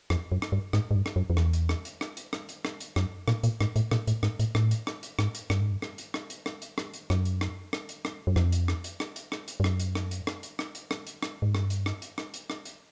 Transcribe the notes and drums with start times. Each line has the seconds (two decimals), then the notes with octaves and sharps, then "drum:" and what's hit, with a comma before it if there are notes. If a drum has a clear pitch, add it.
0.10 F2, drum: rim click
0.32 F#2
0.42 drum: rim click
0.52 G2
0.73 G#2, drum: rim click
0.91 G#2
0.95 G2
1.06 drum: rim click
1.16 F#2
1.30 F2
1.37 E2, drum: rim click
1.53 drum: hi-hat
1.69 drum: rim click
1.85 drum: hi-hat
2.01 drum: rim click
2.17 drum: hi-hat
2.33 drum: rim click
2.49 drum: hi-hat
2.65 drum: rim click
2.80 drum: hi-hat
2.96 F#2, drum: rim click
3.28 A#2, drum: rim click
3.44 A#2, drum: hi-hat
3.61 G#2, drum: rim click
3.76 A2, drum: hi-hat
3.91 A#2, drum: rim click
4.07 A2, drum: hi-hat
4.23 G#2, drum: rim click
4.40 A2, drum: hi-hat
4.55 A2, drum: rim click
4.71 drum: hi-hat
4.87 drum: rim click
5.03 drum: hi-hat
5.19 G#2, drum: rim click
5.35 drum: hi-hat
5.50 G2, drum: rim click
5.61 G#2
5.72 G2
5.82 drum: rim click
5.98 drum: hi-hat
6.14 drum: rim click
6.30 drum: hi-hat
6.46 drum: rim click
6.62 drum: hi-hat
6.78 drum: rim click
6.94 drum: hi-hat
7.10 F#2, drum: rim click
7.25 drum: hi-hat
7.41 drum: rim click
7.73 drum: rim click
7.89 drum: hi-hat
8.05 drum: rim click
8.27 F#2
8.36 F2, drum: rim click
8.52 drum: hi-hat
8.68 drum: rim click
8.84 drum: hi-hat
9.00 drum: rim click
9.16 drum: hi-hat
9.32 drum: rim click
9.48 drum: hi-hat
9.60 G2
9.64 F#2, drum: rim click
9.80 drum: hi-hat
9.95 drum: rim click
10.11 drum: hi-hat
10.27 drum: rim click
10.43 drum: hi-hat
10.59 drum: rim click
10.75 drum: hi-hat
10.91 drum: rim click
11.07 drum: hi-hat
11.23 drum: rim click
11.42 G#2
11.55 G2, drum: rim click
11.70 drum: hi-hat
11.86 drum: rim click
12.02 drum: hi-hat
12.18 drum: rim click
12.34 drum: hi-hat
12.50 drum: rim click
12.66 drum: hi-hat